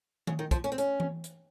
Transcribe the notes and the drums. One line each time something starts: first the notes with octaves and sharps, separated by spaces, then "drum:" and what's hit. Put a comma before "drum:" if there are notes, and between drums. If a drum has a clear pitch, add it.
C#3, drum: tom D#3
D#3
F3, drum: kick, hi-hat
C#4
C4
C#4, drum: hi-hat
drum: tom E3
drum: hi-hat